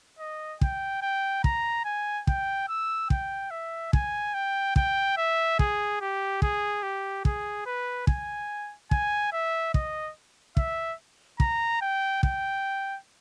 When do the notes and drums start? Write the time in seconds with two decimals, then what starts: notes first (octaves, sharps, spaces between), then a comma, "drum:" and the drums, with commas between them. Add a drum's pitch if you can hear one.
0.19 D#5
0.61 G5, drum: kick
1.02 G5
1.44 A#5, drum: kick
1.85 G#5
2.27 G5, drum: kick
2.68 E6
3.10 G5, drum: kick
3.51 E5
3.93 G#5, drum: kick
4.34 G5
4.76 G5, drum: kick
5.17 E5
5.59 G#4, drum: kick
6.01 G4
6.42 G#4, drum: kick
6.83 G4
7.25 G#4, drum: kick
7.66 B4
8.07 G#5, drum: kick
8.91 G#5, drum: kick
9.32 E5
9.74 D#5, drum: kick
10.57 E5, drum: kick
11.40 A#5, drum: kick
11.82 G5
12.23 G5, drum: kick